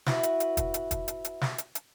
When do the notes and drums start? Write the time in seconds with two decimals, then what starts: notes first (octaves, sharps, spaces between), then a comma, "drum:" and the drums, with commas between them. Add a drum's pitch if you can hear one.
0.06 E4 F#4 B4, drum: snare
0.23 drum: hi-hat
0.40 drum: hi-hat
0.57 drum: kick, hi-hat
0.74 drum: hi-hat
0.91 drum: kick, hi-hat
1.08 drum: hi-hat
1.25 drum: hi-hat
1.41 drum: snare
1.58 drum: hi-hat
1.75 drum: hi-hat